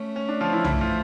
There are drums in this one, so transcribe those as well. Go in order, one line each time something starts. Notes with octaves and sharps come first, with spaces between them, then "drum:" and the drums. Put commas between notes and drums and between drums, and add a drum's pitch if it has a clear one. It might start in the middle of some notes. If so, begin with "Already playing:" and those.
Already playing: A3 C#4
C#4
D4
F3 F4
E3 E4
E3 A3 E4, drum: tom
F3 F4